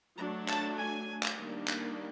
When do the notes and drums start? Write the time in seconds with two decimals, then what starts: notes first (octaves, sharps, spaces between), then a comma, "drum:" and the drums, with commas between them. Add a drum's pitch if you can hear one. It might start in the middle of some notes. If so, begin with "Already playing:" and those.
0.18 F#3 A3 D4 A#5
0.48 A5, drum: clap
0.78 G#5
1.23 drum: clap
1.38 D#3 G3 A#3 D4
1.68 drum: clap